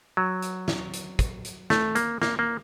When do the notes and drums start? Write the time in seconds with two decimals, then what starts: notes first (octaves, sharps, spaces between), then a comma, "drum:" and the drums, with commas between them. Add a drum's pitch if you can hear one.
0.17 F#3
0.42 drum: hi-hat
0.68 drum: snare
0.93 drum: hi-hat
1.19 drum: kick, hi-hat
1.45 drum: hi-hat
1.70 A3, drum: snare
1.95 A#3, drum: hi-hat
2.22 A#3, drum: snare
2.39 A#3